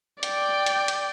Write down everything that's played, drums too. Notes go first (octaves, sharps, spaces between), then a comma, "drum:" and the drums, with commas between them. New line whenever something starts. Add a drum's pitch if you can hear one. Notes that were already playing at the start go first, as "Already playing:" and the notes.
D5 G5, drum: hi-hat
drum: hi-hat
drum: hi-hat